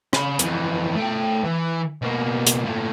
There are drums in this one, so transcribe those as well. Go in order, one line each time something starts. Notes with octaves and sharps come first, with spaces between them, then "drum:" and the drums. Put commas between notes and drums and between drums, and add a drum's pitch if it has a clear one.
C#3 B5, drum: rim click
F2 E3, drum: hi-hat
A3 G5
E3
B2 A#3
drum: hi-hat
A#2 A3